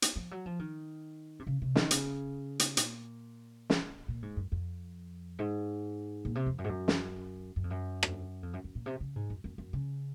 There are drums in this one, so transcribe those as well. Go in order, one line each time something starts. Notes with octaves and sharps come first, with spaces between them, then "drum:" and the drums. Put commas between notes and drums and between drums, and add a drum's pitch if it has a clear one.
drum: hi-hat
F3
F#3
F3
D#3
C3
C#3
C3
D#3, drum: snare
C#3, drum: hi-hat
drum: hi-hat
A#2, drum: hi-hat
drum: snare
A#2
G#2
F#2
F2
G#2
A#2
C3
F2
F#2
G#2
F#2
drum: snare
F#2
F2
F#2
drum: rim click
F2
F#2
F#2
A#2
C3
C#3
G#2
F#2
F#2
F#2
C#3